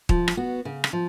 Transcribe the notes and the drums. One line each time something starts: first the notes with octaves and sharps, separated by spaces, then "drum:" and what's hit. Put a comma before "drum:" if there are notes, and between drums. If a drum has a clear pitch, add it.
F3, drum: kick
drum: rim click
B3 F#4
C#3
drum: rim click
F3